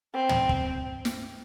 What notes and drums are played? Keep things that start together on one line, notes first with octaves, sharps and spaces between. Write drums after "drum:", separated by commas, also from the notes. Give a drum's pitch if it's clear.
C4
drum: tom
drum: kick
drum: snare